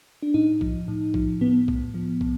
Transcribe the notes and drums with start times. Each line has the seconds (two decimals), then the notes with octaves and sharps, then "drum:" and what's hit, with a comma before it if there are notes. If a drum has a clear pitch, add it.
0.23 D4
0.34 A2 D#4
0.61 F3, drum: kick
0.88 A2
1.14 F3, drum: kick
1.41 A2 B3
1.68 A2, drum: kick
1.94 F3
2.21 A2, drum: kick